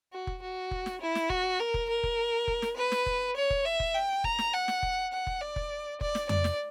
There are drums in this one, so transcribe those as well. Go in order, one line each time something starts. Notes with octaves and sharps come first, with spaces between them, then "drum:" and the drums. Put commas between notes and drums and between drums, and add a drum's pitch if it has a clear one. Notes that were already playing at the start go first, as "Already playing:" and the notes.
F#4
drum: kick F1
F#4
drum: kick F1
drum: snare
E4
drum: snare
F#4, drum: kick F1
A#4
drum: kick F1
A#4
drum: kick F1
drum: kick F1
drum: snare
B4
drum: snare
drum: kick F1
C#5
drum: kick F1
E5
drum: kick F1
G5
A#5, drum: kick F1
drum: snare
F#5
drum: snare
drum: kick F1
F#5
drum: kick F1
D5
drum: kick F1
D5, drum: kick F1
drum: snare
D5, drum: tom F2
drum: snare